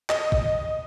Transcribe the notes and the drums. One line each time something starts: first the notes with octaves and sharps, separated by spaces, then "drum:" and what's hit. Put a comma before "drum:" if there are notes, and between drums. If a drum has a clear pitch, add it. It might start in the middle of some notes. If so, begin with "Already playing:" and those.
D#5, drum: clap
drum: kick